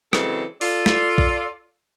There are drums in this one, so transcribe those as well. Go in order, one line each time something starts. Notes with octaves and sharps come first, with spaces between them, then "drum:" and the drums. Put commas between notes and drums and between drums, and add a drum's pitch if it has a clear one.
C#3 E3 F#3 G#3 C4 A4, drum: rim click
F4 A4 D5, drum: open hi-hat
drum: snare
drum: kick